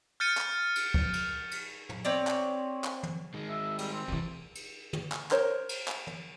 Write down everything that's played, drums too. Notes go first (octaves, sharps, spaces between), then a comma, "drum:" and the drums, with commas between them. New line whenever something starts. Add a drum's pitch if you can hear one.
F6 G6 A6 C#7 D#7
drum: clap
drum: cymbal
drum: kick
drum: cymbal
drum: cymbal
drum: tom
C4 C#5 D5
drum: clap
drum: clap
drum: tom
D#3 G#3
E5
G3, drum: cymbal
C4
F2 C3 E3 G3
drum: cymbal
drum: tom
drum: clap
A#4 C5 C#5, drum: clap
drum: cymbal
drum: clap
drum: tom